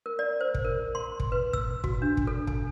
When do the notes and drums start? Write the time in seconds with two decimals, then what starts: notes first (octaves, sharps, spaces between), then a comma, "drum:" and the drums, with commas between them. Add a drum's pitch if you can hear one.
0.06 A#4
0.19 D5
0.41 C5
0.55 drum: kick
0.64 A#4
0.95 C6
1.20 drum: kick
1.32 B4
1.53 E6, drum: kick
1.84 F#4, drum: kick
2.02 D4
2.17 drum: kick
2.27 A4
2.47 G#5, drum: kick